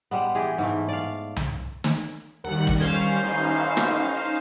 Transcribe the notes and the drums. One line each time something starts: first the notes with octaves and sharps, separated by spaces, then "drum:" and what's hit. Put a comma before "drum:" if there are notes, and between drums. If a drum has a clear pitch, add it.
G3 G#3 B3
E3 G4 G#4
G#2 E3 A3
D5 F5
drum: tom C2
drum: snare
D#2 D#3 G3 F#5
drum: kick
C#4 C5 F5, drum: hi-hat
A1 D#4 C7
drum: rim click